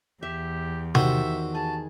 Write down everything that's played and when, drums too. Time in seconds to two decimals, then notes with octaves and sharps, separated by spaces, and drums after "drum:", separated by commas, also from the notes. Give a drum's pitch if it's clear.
0.23 E2 G4 E5
0.95 D#3 F#4 G4 C5 E5 C6, drum: tom C3
1.55 G#4 A5